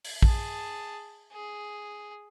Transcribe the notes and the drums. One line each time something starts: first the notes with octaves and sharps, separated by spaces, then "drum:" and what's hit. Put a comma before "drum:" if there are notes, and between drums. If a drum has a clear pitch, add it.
drum: open hi-hat
G#4 A5, drum: kick
G#4